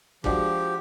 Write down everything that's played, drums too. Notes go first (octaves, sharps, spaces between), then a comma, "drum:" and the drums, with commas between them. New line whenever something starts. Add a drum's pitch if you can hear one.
F3 G#3 D4 F#4 G4, drum: kick